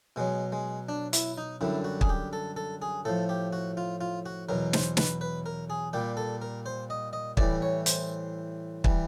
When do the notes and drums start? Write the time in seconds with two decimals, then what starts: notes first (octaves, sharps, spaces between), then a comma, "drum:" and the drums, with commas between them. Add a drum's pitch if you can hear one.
0.16 B2 F#3 G#3
0.52 G#3
0.89 D4
1.13 E4, drum: hi-hat
1.38 D#4
1.61 F#2 D3 G3 E4
1.84 F#4
2.01 G#4, drum: kick
2.09 G4
2.33 A4
2.56 A4
2.82 G#4
3.05 A2 F3 A4
3.29 G4
3.53 F#4
3.77 F4
4.01 F4
4.26 F#4
4.49 E2 B2 F#3 A#4
4.73 C5, drum: snare
4.97 B4, drum: snare
5.21 B4
5.46 A#4
5.70 G#4
5.93 A#2 G3 G4
6.17 A4
6.42 A#4
6.66 C5
6.90 D#5
7.13 D#5
7.37 A2 E3 G3 D5, drum: kick
7.62 C#5
7.86 C5, drum: hi-hat
8.84 E3 G3, drum: kick